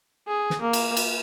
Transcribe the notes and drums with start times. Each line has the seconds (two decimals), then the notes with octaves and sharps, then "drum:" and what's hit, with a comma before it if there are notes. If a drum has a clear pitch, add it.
0.27 G#4
0.50 drum: snare
0.61 A#3
0.73 drum: cymbal
0.97 drum: cymbal